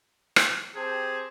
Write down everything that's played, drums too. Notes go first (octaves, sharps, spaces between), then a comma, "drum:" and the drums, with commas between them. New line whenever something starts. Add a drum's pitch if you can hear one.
drum: rim click
C4 G4 G#4 A5